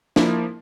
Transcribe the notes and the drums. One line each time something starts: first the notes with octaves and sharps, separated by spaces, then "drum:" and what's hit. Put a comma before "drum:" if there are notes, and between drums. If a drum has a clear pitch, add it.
F3 A#3 E4 A#4, drum: snare